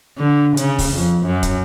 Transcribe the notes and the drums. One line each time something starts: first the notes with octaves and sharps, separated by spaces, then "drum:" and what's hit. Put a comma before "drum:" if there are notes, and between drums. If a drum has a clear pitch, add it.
D3
C#3, drum: hi-hat
drum: kick, open hi-hat
F2
F#2
drum: kick, hi-hat